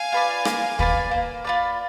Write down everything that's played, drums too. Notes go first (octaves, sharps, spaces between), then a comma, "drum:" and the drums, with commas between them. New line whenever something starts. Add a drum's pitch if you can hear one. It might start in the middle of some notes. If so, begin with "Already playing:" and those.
Already playing: F5 G#5
F4 B4 D5
A#3, drum: rim click
F4 B4 D5, drum: kick
A#3
F4 B4 D5